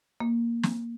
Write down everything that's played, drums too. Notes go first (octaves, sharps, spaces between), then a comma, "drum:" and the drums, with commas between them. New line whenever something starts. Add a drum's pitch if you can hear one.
A#3
drum: snare